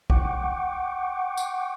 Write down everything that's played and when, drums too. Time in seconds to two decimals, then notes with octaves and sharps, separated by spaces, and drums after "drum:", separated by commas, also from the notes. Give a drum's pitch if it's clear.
0.10 F#5 G5 C#6 D6, drum: kick
1.37 drum: tambourine